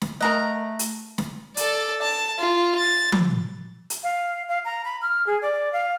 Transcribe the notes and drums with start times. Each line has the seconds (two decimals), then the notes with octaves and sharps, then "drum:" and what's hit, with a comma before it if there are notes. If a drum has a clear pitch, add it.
0.01 drum: snare
0.21 A3 A#4 D#5 F#5 A#5
0.79 drum: hi-hat
1.18 drum: snare
1.57 A4 D5, drum: hi-hat
2.02 A5
2.39 F4
2.79 A6
3.12 drum: tom F3
3.90 drum: hi-hat
4.03 F5
4.48 F5
4.65 A#5
4.84 B5
5.01 F6
5.26 G#4
5.42 D5
5.73 F5